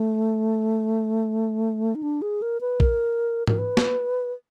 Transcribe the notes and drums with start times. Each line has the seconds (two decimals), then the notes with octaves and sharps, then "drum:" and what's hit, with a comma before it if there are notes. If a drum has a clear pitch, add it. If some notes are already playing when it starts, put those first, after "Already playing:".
Already playing: A3
1.95 D#4
2.03 D4
2.22 G#4
2.42 A#4
2.61 B4
2.80 A#4, drum: kick A#1
3.47 A#4, drum: tom G#2
3.58 B4
3.77 drum: snare